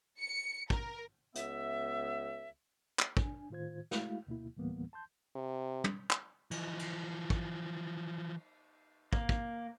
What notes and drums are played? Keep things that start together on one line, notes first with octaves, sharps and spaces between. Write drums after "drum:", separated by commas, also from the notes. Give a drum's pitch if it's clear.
C#7
A#4, drum: kick
C#2 B3 E5, drum: hi-hat
drum: clap
D4 G#5, drum: kick
A2 D#3 F4 C5 G#6
G#3 A3 E4 F#4 F5, drum: snare
D2 B2 A#3 E4
D2 A2 E3 G3 A#3 B3
A5 C6 G6
C3
drum: tom
drum: clap
E3 F3, drum: cymbal
drum: cymbal
drum: kick
A#3, drum: kick
drum: kick